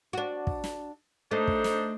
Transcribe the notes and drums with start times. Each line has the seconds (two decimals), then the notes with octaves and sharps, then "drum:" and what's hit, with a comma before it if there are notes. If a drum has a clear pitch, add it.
0.13 D4 F#4
0.47 drum: kick
0.64 drum: snare
1.31 A3 D4 D#4 C5
1.48 drum: kick
1.64 drum: snare